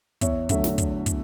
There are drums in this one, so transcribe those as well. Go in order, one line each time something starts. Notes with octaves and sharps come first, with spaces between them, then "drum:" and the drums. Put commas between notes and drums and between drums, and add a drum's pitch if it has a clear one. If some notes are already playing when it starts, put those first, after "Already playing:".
E2 C#5 E5, drum: kick, hi-hat
D3 F#3 A3 C#5 E5, drum: kick, hi-hat
drum: snare
drum: kick, hi-hat
drum: kick, hi-hat